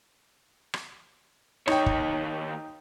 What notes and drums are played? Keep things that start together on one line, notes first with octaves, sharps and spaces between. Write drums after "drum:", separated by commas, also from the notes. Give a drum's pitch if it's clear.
drum: rim click
D#2 D#4 C#5 G5, drum: rim click
drum: kick